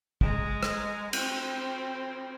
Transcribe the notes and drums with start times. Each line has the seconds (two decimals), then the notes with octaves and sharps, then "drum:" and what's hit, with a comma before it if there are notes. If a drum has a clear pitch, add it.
0.21 G#3 A#5, drum: kick
0.63 drum: rim click
1.13 C4, drum: cymbal